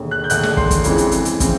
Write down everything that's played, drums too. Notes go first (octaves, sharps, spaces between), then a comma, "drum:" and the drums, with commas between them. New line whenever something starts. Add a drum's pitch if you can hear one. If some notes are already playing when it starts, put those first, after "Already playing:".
Already playing: E1 D#2 D3
F#6
G6
E1 D#2 D3 F#6, drum: hi-hat
drum: snare
C6, drum: kick
drum: kick, hi-hat
F2 C#3 E3 G#3 C4, drum: hi-hat
drum: hi-hat
drum: hi-hat
drum: hi-hat
C#3 E3 G#3 C4, drum: kick, hi-hat